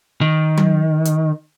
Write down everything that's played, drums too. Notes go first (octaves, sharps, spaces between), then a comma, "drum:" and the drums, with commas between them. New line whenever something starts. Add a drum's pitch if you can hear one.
D#3
drum: tom F#3
drum: hi-hat